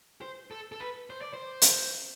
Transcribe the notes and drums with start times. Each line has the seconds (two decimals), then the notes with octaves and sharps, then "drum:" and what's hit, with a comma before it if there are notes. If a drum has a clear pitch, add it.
0.21 C5
0.51 A4
0.72 A4
0.80 B4
1.10 C5
1.22 D5
1.34 C5
1.62 drum: hi-hat